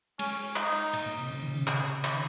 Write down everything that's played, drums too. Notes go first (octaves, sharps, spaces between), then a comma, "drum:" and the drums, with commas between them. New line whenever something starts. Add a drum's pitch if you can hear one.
G#3 C#4, drum: cymbal
D#4, drum: clap
A#2, drum: cymbal
A#2
C3
C#3
D#3
C#3
drum: clap
D#3, drum: clap